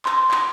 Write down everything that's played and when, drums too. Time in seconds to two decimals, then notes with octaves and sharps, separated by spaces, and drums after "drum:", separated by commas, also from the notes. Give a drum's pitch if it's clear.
0.06 C6, drum: clap
0.31 drum: clap